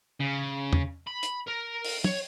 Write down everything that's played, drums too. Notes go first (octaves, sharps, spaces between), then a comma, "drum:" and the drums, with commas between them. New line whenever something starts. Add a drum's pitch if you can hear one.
C#3
drum: tom E2
B5
drum: hi-hat
A#4
drum: open hi-hat
C#5, drum: tom